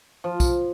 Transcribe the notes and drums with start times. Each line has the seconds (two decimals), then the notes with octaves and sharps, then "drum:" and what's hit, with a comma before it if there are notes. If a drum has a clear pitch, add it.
0.24 F3
0.40 drum: kick B1, tambourine